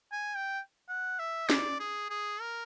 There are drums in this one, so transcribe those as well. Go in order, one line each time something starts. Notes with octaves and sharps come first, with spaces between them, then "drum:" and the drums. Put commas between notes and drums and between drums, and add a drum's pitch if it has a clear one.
G#5
G5
F#5
E5
D5, drum: snare
G#4
G#4
A#4